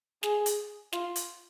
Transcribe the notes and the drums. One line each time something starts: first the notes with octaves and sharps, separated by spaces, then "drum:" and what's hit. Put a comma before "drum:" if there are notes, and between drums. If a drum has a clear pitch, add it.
G#4, drum: snare
drum: hi-hat
F4, drum: snare
drum: hi-hat